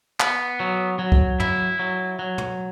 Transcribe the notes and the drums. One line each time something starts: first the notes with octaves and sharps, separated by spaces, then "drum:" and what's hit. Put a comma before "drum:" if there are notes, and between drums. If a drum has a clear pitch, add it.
B3, drum: clap
F#3
F#3
drum: kick C2
E4, drum: tom
F#3
F#3
drum: tom